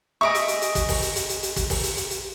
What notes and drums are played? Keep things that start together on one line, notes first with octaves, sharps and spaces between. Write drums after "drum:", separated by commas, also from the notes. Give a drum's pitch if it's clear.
G#4 D#5 E5 C#6 D7
drum: hi-hat
drum: hi-hat
drum: hi-hat
drum: kick, hi-hat
drum: kick, open hi-hat
drum: hi-hat
drum: hi-hat
drum: hi-hat
drum: hi-hat
drum: kick, hi-hat
drum: kick, open hi-hat
drum: hi-hat
drum: hi-hat
drum: hi-hat